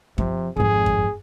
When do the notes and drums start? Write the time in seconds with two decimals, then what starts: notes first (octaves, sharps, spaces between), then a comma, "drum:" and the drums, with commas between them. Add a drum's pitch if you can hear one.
0.18 C3 F3, drum: kick F#2
0.56 G#1 F2 G#4
0.86 drum: kick F#2